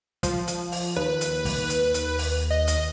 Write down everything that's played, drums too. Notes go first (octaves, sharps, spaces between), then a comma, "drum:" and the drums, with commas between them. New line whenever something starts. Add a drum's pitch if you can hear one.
F3, drum: kick, hi-hat
drum: hi-hat
drum: open hi-hat
D#2 B4
drum: hi-hat
drum: kick, open hi-hat
drum: hi-hat
drum: hi-hat
drum: open hi-hat
D#5
drum: hi-hat